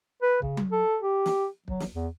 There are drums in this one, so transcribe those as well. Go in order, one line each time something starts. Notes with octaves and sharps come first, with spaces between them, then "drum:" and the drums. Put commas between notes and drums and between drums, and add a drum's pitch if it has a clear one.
B4
C#3, drum: kick
drum: tom F#3
A4
G4
drum: snare
F#3, drum: kick
drum: snare
E2